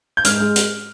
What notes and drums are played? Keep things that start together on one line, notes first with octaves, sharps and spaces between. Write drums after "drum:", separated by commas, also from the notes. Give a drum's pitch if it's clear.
G6
G#2 F6, drum: hi-hat
G#3
drum: hi-hat